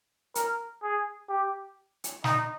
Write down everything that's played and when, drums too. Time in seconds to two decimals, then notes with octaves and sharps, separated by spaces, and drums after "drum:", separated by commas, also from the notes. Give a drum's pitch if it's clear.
0.35 A#4, drum: hi-hat
0.82 G#4
1.29 G4
2.04 drum: hi-hat
2.24 D#4, drum: snare